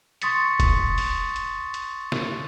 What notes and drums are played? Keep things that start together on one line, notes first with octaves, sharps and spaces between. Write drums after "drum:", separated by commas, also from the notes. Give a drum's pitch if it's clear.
C6 C#6 D#6 A6 B6 C#7, drum: hi-hat
drum: kick E1, hi-hat
drum: open hi-hat
drum: hi-hat
drum: hi-hat
drum: snare